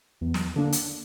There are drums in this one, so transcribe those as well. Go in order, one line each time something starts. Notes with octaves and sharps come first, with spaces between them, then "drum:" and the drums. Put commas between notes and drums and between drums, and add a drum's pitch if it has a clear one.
E2
drum: snare
D3 A#3 D4
drum: hi-hat